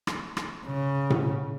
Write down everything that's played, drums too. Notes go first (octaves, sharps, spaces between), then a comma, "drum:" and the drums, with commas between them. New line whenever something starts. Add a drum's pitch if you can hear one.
drum: rim click
drum: rim click
C#3
drum: tom A2